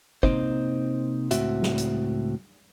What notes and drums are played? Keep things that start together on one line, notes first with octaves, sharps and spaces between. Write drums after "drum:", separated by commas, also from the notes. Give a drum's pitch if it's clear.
C3 A#3 C4 D#4 C5, drum: kick
C#2 A2 C4 F#4 E5, drum: hi-hat
drum: snare
drum: hi-hat